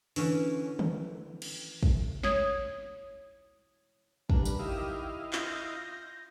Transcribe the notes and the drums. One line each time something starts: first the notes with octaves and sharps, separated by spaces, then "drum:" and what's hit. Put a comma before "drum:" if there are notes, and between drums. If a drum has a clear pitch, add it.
D3 E3 C#4, drum: open hi-hat
drum: tom D3
drum: cymbal
drum: kick
C#5 D#6 G#6, drum: snare
G3 A#3 D4 B4, drum: kick
drum: tambourine
D#3 E4 G4 D#5 F5
F4 G6 A#6, drum: clap